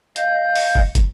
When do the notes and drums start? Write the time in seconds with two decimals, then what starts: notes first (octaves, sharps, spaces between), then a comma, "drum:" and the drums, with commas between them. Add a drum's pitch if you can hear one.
0.16 D#5 F5 G6, drum: hi-hat
0.56 drum: open hi-hat
0.75 drum: kick
0.95 drum: kick, hi-hat